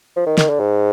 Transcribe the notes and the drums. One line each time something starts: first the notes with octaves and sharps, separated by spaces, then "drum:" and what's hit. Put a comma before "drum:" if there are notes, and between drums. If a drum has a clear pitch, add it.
F3
D#3
D#3, drum: snare
D3
G#2